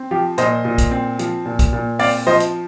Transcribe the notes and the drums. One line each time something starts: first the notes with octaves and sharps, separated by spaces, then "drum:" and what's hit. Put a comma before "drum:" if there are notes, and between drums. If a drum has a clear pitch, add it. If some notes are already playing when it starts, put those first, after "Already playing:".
Already playing: C4
F3 G4
A#2 C5 D#5, drum: hi-hat
A#2
drum: kick, hi-hat
C4
F3, drum: hi-hat
A#2
drum: kick, hi-hat
A#2
C4 D5 F5, drum: open hi-hat
F3 C5 D#5
drum: hi-hat